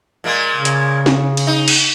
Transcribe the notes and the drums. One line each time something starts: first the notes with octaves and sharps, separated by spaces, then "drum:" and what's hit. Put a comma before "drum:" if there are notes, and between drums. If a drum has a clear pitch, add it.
A#2 G#3 A#3
C#3
drum: hi-hat
drum: snare
drum: cymbal
D#4
drum: cymbal